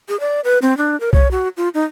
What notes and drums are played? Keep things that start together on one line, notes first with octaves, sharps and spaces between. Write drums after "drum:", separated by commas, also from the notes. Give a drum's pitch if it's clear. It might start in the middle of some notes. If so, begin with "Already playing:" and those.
G#4
D5
B4
C4
D4
A#4
C#5, drum: kick B1
F#4
F4
D#4